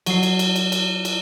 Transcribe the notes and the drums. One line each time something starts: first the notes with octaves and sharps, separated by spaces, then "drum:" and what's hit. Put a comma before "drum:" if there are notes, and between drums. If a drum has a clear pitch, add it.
F#3 C7, drum: cymbal
drum: cymbal
drum: cymbal
drum: cymbal
drum: cymbal
drum: cymbal